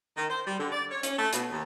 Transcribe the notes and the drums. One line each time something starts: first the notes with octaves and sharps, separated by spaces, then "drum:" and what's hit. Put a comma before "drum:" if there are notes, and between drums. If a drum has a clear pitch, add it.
D#3
C5
G3
D3
D5
C#5
C#4, drum: hi-hat
A3
B2, drum: hi-hat
D#2